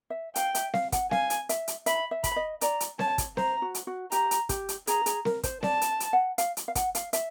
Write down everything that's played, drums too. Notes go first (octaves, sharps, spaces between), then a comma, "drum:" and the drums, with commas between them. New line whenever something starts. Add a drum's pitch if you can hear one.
E5
F5 G5, drum: hi-hat
E5, drum: hi-hat
F5, drum: snare C4
F#5, drum: kick, hi-hat
F5 G#5, drum: snare C4
drum: hi-hat
E5, drum: hi-hat
drum: hi-hat
E5 B5, drum: hi-hat
E5
B5, drum: kick, hi-hat
D#5
D5 A#5, drum: hi-hat
drum: hi-hat
C#5 A5, drum: snare C4
drum: kick, hi-hat
C5 A#5, drum: snare C4
F#4
drum: hi-hat
F#4
G4 A#5, drum: hi-hat
drum: hi-hat
G4, drum: kick, hi-hat
drum: hi-hat
G#4 A#5, drum: hi-hat
G#4, drum: hi-hat
A#4, drum: snare C4
C5, drum: kick, hi-hat
D5 A5, drum: snare C4
drum: hi-hat
drum: hi-hat
F#5
F5, drum: hi-hat
drum: hi-hat
F5
F#5, drum: kick, hi-hat
F5, drum: hi-hat
E5, drum: hi-hat